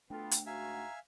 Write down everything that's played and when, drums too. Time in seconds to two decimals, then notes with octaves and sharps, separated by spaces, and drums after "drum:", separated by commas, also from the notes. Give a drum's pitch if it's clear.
0.10 A3 B3 D4 F4 A4 G5
0.31 drum: hi-hat
0.46 G#2 F#4 E5 F5 G#5 A#5